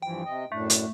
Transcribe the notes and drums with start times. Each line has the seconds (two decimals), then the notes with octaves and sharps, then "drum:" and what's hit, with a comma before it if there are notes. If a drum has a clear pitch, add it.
0.02 G2 E3 F3 G5
0.25 C3 D#5
0.52 F#2 A2 A3 D4
0.70 drum: hi-hat